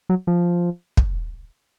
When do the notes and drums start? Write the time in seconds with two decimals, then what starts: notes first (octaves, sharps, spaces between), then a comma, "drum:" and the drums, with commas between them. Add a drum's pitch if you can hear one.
0.09 F#3
0.27 F3
0.97 drum: kick